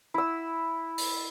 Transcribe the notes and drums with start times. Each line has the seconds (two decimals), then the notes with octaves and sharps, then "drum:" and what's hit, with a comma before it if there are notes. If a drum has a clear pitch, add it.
0.14 E4 E6
0.98 drum: open hi-hat